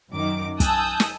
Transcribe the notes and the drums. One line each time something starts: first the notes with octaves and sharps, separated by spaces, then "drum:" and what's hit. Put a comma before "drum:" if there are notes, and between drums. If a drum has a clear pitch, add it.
F#2 D#3 D6
G#5 A5 D#6 E6 F#6 G6, drum: kick, hi-hat
drum: snare